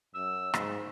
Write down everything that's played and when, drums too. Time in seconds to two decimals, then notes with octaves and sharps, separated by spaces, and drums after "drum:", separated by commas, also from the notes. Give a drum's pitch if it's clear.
0.15 F#2 E6
0.54 G#2, drum: rim click